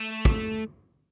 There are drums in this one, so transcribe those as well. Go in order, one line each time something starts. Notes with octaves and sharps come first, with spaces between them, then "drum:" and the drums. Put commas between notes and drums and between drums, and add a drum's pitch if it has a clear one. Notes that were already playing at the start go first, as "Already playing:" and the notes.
Already playing: A3
drum: kick